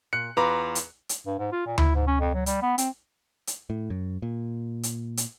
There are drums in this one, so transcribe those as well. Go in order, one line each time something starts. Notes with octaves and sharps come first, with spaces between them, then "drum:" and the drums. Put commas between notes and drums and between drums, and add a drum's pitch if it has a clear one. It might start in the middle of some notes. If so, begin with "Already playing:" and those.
A#2 F#6 C#7
E2 F4 B4 A#5 D6
drum: hi-hat
drum: hi-hat
G2
G#2
F4
A#2
E4, drum: tom D2
G#2
C#4
F2
F#3
G3, drum: hi-hat
B3
C4, drum: hi-hat
drum: hi-hat
A2
F#2
A#2
drum: hi-hat
drum: hi-hat